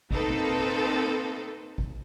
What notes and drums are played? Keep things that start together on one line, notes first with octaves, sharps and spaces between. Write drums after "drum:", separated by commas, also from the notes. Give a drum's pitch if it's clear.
A#3 C4 D#4 A4 B4, drum: kick G#1
drum: tom B2
drum: kick G#1